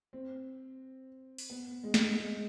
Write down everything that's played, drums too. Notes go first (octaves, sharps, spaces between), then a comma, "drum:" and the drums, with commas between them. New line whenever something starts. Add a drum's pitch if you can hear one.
C4
drum: open hi-hat
B3
G#3
drum: snare
G#3